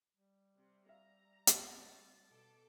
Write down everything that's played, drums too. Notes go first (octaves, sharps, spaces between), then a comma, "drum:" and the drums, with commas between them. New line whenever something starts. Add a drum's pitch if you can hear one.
G3
C3
E5 F5 A#5
A6, drum: hi-hat
B2 A4 D6